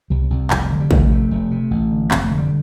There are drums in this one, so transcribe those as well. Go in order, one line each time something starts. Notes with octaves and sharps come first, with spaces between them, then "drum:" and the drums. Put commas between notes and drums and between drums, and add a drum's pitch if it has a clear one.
C2 G3
C2
F1, drum: clap
D3
G3
F1 A3, drum: kick
C3
F1
C3
A1
D3
F1 C4, drum: clap
A3
D3
G3